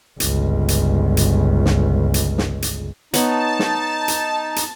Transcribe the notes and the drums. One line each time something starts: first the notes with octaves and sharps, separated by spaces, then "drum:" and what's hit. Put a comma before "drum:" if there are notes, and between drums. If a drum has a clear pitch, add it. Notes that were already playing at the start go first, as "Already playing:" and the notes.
G1 C#2, drum: hi-hat
drum: hi-hat
drum: hi-hat
drum: snare
drum: hi-hat
drum: snare
drum: hi-hat
B3 D#4 C#5 A5, drum: hi-hat
drum: snare
drum: hi-hat
drum: hi-hat